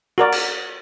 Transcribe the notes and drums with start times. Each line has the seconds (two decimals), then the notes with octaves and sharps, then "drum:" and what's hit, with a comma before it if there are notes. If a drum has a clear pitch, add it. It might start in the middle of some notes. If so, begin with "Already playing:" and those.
0.18 F#4 A#4 D5
0.32 drum: cymbal